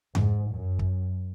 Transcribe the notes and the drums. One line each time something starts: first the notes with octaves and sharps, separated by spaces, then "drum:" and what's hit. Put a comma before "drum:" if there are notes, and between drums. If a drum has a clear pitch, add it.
G#2, drum: tom F2
F#2
drum: kick